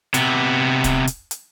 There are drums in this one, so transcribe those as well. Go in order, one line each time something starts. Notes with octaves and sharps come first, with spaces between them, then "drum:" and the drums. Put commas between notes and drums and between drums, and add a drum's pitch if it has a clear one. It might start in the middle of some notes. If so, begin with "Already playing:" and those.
C3 B3, drum: hi-hat
drum: kick, hi-hat
drum: hi-hat
drum: hi-hat